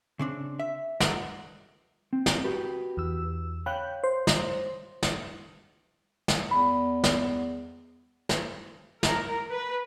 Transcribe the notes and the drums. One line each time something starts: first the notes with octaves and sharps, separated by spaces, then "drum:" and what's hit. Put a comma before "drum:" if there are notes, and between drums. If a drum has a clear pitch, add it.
C#3 C4 D4
E5
F4 G4 A4 A#4 D5 F#5, drum: snare
C4
drum: snare
F#4 G4 B4
E2 E6
C#5 F5 G5 B5 F#6 G6
C5
drum: snare
drum: snare
drum: snare
E2 B5
drum: snare
drum: snare
A#4, drum: snare
B4